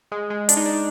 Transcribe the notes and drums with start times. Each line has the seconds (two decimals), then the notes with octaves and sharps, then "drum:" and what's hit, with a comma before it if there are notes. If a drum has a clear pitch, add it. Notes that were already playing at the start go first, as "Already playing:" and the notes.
0.12 G#3
0.30 G#3
0.49 D4, drum: hi-hat
0.57 D#4
0.66 D4